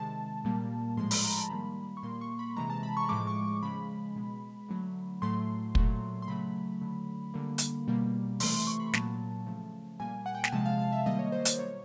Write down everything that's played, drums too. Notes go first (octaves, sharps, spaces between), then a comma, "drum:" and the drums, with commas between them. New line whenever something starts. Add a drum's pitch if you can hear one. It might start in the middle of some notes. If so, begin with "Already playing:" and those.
Already playing: C3 D#3 G#3 A5
A#2 G3 A#3
A2 F3 G#3 C6
B5, drum: open hi-hat
A#5
A5
D#3 G3 A#3 B5
C#6
A#2 G3 A#3 C6
C#6
B5
C3 E3 G#3 A#5
A5
B5
C#6
A2 F3 G#3 D6
C#6
C#6
C#3 F3 G#3 B5
B2 G#3
D3 F#3 A3
A2 F#3 A3 C6
A#2 F#3 A3, drum: kick
C6
C#3 F#3 A3 B5
D3 F#3 A3
D3 G3 A#3
drum: hi-hat
B2 G3 A#3
C3 E3 A3 C6, drum: open hi-hat
C#6
B5
A#2 F#3 A#3 A5, drum: snare
C#3 F3 A3
A#2 G3 A#3 G#5
F#5
G5
G#5, drum: snare
C3 F3 G#3 A5
F5
F5
E5
D#3 G3 A#3 D#5
C#5
C5
D#5
D5, drum: hi-hat
B2 F#3 A#3 C#5